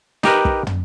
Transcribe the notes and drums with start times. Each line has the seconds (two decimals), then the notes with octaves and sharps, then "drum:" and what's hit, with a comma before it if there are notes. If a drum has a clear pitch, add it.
0.23 D#4 G4 A#4 B4, drum: snare
0.45 drum: kick
0.67 drum: tom